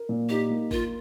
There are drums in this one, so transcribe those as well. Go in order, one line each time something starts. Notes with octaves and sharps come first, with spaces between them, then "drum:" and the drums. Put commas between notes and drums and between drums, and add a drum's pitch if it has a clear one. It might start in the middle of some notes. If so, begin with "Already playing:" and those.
Already playing: A#4
A#2
D#4 G4
A#3
F4 A#4, drum: kick G#1